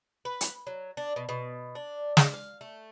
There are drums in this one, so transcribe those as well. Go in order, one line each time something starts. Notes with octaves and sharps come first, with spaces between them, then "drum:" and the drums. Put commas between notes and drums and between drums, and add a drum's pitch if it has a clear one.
B4
drum: hi-hat
F#3
D4
B2
B2
D4
G#3, drum: snare
F5
A3